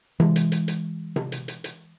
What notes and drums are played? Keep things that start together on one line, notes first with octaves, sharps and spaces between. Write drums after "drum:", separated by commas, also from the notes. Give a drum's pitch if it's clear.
E3 G#3, drum: tom C3
drum: hi-hat
drum: hi-hat
drum: hi-hat
drum: tom C3
drum: hi-hat
drum: hi-hat
drum: hi-hat